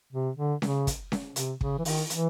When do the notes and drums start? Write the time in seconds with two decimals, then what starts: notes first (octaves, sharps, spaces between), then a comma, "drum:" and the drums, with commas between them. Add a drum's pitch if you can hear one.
0.13 C3
0.37 D3
0.62 C#3, drum: snare C#4
0.87 drum: kick, hi-hat
1.12 drum: snare C#4
1.36 C3, drum: hi-hat
1.61 C#3, drum: kick
1.78 E3
1.85 D#3, drum: open hi-hat
2.10 E3, drum: hi-hat